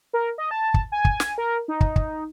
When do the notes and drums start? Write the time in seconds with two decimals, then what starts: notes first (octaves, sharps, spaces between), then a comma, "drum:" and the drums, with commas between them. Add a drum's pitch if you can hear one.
0.13 A#4
0.38 D#5
0.51 A5
0.74 drum: kick
0.92 G#5
1.05 drum: kick
1.20 drum: snare
1.38 A#4
1.68 D#4
1.81 drum: kick
1.96 drum: kick